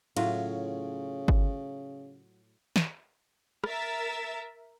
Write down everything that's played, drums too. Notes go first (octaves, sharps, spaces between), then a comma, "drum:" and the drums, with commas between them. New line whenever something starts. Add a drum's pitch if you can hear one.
A2 C#3 F#3 F4, drum: cymbal
drum: kick G1
drum: snare
A#4 E5 A6, drum: rim click